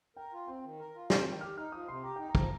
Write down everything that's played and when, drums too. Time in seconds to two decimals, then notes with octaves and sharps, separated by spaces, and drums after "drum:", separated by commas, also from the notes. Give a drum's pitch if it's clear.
0.16 A#4 G5
0.33 F4
0.48 C4 G5
0.63 D#3
0.79 A#4
0.95 F4
1.10 C4 G6, drum: snare
1.26 D#3
1.41 G4 F6
1.57 D#4 F6
1.72 F3 D#6
1.88 C3 C6
2.03 G4 A#5
2.16 D#4 G5
2.29 A#5
2.35 F3, drum: kick